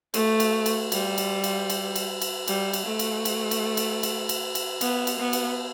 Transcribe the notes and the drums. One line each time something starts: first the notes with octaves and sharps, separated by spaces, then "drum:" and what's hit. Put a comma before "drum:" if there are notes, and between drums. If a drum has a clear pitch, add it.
A3, drum: cymbal
drum: cymbal
drum: cymbal
G3, drum: cymbal
drum: cymbal
drum: cymbal
drum: cymbal
drum: cymbal
drum: cymbal
G3, drum: cymbal
drum: cymbal
A3
drum: cymbal
drum: cymbal
drum: cymbal
drum: cymbal
drum: cymbal
drum: cymbal
drum: cymbal
B3, drum: cymbal
drum: cymbal
B3
drum: cymbal